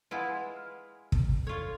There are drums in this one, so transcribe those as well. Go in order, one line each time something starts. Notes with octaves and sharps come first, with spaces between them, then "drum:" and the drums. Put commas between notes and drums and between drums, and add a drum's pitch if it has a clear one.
G#3 E4 F4 B4 F#5 G#5
F6
drum: kick
F4 A4 C#5